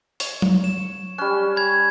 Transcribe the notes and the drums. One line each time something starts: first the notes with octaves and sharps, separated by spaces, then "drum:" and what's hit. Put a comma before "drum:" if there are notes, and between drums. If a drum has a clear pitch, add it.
C#5, drum: open hi-hat
drum: tom F#3
E7
G3 C#4 F#6
B5 G#6